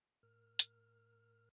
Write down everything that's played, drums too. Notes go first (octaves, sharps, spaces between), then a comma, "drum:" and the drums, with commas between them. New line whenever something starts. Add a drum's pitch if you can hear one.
A2 A#4 F6
drum: hi-hat